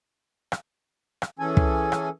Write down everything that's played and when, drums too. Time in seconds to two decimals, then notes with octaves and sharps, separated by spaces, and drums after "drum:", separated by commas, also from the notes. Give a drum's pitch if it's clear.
0.52 drum: rim click
1.22 drum: rim click
1.39 E3 C#4 G#4 A4 G#5
1.57 drum: kick
1.92 drum: rim click